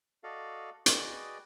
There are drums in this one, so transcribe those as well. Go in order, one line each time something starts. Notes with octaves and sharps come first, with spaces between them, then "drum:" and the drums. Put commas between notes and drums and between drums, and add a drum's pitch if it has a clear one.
F#4 A4 D5 D#5 F5
F#4 G#4 B4 D5 D#5 G5, drum: hi-hat